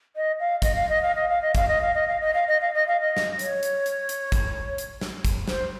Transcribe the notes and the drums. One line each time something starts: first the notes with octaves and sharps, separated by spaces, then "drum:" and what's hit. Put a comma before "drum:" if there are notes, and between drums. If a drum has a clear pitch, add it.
D#5
F5
D#5, drum: kick, hi-hat
F5
D#5
F5
D#5
F5
D#5
F5, drum: kick, hi-hat
D#5
F5
D#5
F5
D#5
F5
D#5
F5
D#5
F5
D#5
drum: snare
C#5, drum: hi-hat
drum: hi-hat
drum: hi-hat
drum: hi-hat
drum: kick, hi-hat
drum: hi-hat
drum: snare
drum: kick, hi-hat
C5, drum: snare